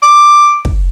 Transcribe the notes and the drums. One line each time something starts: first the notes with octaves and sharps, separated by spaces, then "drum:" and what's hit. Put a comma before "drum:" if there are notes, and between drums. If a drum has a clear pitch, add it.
D6
drum: kick